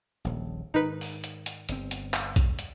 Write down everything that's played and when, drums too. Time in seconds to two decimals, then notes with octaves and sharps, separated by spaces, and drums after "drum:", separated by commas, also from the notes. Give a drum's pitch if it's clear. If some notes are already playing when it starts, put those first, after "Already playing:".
0.24 D#1 A#1
0.74 G#2 D#3 D#4 B4
1.01 drum: open hi-hat
1.24 drum: hi-hat
1.46 drum: hi-hat
1.69 G1 C4, drum: hi-hat
1.91 drum: hi-hat
2.14 drum: clap
2.36 drum: kick B1, hi-hat
2.59 drum: hi-hat